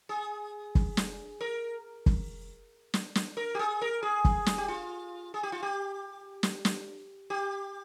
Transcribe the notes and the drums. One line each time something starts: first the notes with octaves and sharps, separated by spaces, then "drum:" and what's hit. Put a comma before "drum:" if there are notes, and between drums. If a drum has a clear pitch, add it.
G#4
drum: kick F#1
drum: snare
A#4
drum: kick F#1
drum: snare
drum: snare
A#4
G4
G#4
A#4
G#4
drum: kick F#1
drum: snare
G4
F4
G#4
G4
F4
G4
drum: snare
drum: snare
G4